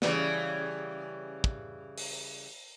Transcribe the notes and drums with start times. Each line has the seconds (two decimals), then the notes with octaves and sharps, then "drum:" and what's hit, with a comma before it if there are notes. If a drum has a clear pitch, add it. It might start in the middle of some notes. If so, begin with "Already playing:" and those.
0.02 C#3 E3 G3, drum: snare
1.44 drum: kick
1.98 drum: open hi-hat